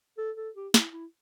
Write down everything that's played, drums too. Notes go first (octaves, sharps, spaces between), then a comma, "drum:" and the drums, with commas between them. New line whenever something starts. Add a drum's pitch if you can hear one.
A4
A4
G4
E4, drum: snare
E4